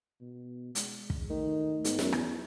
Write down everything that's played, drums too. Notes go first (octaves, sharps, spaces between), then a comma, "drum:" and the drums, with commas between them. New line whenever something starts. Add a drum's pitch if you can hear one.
B2
G#3, drum: hi-hat
drum: kick
D#3 A3
G#2 B3, drum: hi-hat
F#2, drum: snare
E2, drum: rim click